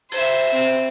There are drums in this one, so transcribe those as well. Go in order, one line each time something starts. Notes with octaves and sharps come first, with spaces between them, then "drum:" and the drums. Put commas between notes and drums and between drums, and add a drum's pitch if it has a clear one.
C5 E5, drum: cymbal
C4